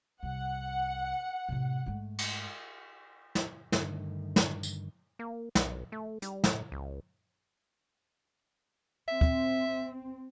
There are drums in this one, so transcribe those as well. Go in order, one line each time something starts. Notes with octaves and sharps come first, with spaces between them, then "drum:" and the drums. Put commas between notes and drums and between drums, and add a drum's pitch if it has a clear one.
C2 F#5
A2 C3
G#2 A3
drum: cymbal
drum: snare
G2 D3 D#3 A3, drum: snare
drum: snare
drum: tambourine
A#3
B1, drum: snare
A3
G3, drum: hi-hat
A2, drum: snare
C#2
C4 E5
drum: kick D2